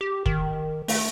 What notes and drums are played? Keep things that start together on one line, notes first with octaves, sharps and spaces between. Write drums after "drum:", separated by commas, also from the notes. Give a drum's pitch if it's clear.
G4
D#3, drum: kick
A3, drum: open hi-hat